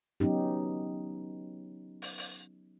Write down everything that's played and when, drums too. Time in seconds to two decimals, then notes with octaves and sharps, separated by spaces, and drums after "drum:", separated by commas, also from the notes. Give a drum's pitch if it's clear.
0.20 F#3 B3 C#4 D#4 G4
2.02 drum: open hi-hat
2.18 drum: open hi-hat